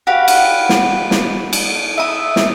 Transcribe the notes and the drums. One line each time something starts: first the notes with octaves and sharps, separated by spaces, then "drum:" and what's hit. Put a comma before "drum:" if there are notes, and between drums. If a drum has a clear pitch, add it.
F#4 G4 B4 F5
drum: cymbal
drum: snare
drum: snare
drum: cymbal
E5 D#6
drum: snare